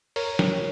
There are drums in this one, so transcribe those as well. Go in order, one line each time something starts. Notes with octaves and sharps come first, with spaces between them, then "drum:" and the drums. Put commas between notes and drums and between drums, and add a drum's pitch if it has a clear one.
A#4 C#5, drum: open hi-hat
drum: snare